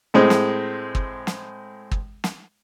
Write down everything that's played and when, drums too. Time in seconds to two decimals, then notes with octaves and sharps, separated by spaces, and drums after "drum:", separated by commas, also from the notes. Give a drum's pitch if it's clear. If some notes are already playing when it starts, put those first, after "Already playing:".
0.14 A2 G#3 C4
0.30 drum: snare
0.95 drum: kick
1.27 drum: snare
1.91 drum: kick
2.24 drum: snare